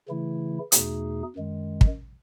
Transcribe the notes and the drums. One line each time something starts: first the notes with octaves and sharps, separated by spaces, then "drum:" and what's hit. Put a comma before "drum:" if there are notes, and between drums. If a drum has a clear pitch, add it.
C#3 E3 A3 E4
E2 B2 A3 D#4 G#4, drum: hi-hat
F#2 D#3 G#3
drum: kick